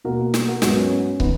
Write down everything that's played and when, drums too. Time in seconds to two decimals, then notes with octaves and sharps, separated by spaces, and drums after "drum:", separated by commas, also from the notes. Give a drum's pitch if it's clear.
0.04 B2 A#3 F#4 A#4
0.34 drum: snare
0.48 F#4 A#4
0.62 G#2 F#3 B3 F#4 A#4, drum: snare
0.76 C#4
1.20 D#3 B3, drum: kick